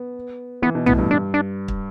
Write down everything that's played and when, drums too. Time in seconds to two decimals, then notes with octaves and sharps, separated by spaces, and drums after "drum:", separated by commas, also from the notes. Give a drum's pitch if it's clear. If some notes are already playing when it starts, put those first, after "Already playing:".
Already playing: B3
0.62 E3 B3
0.75 B2
0.86 A2 B3, drum: tom B1
0.98 G2
1.11 D4
1.34 D4
1.68 drum: kick